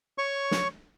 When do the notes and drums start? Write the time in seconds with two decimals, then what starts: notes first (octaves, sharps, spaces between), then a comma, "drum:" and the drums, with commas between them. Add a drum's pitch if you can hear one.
0.18 C#5 C#6
0.51 drum: snare